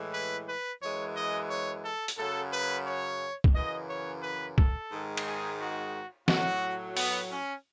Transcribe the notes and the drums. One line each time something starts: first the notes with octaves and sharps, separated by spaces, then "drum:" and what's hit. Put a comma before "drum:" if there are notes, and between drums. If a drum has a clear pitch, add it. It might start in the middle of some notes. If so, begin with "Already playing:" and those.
Already playing: A2 E3 G#3
B4
B4
F#2 E3 G#3 C#5
D#5
C#5
A4
drum: hi-hat
F#2 C#3 F#3 A4
B4
C#5
drum: kick
F#2 C#3 E3 D#5
C#5
B4
A4, drum: kick
G#2 D#3 G#3
drum: cymbal
G#4
F#4
A2 F#3 F#4, drum: snare
B3, drum: open hi-hat
C#4